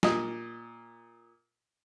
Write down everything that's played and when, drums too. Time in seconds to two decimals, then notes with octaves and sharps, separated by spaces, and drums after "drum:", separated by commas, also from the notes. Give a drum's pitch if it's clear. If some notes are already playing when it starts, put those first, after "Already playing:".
0.03 A#2 D#5, drum: snare